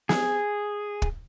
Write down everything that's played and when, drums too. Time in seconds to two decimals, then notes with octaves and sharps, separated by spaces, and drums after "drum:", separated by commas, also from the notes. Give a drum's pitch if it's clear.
0.09 G#4, drum: snare
1.02 drum: kick